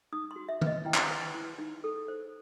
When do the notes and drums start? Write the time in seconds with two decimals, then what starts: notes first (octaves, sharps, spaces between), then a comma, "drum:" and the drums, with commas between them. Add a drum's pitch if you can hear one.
0.13 D#4 D#6
0.31 C6
0.36 F#4
0.49 E5
0.61 B4 D#5, drum: tom D#3
0.85 E4 G5
0.94 drum: clap
1.10 B4
1.34 E4
1.58 D#4
1.84 A4
2.08 C5